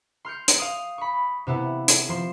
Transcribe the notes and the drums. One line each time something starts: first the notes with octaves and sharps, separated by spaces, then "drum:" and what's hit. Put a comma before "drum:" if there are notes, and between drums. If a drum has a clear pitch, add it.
C6 F6 G6 C#7
drum: hi-hat
F5 D#6
B5 C#6
C3 B3 E4
drum: hi-hat
F3 C6 E7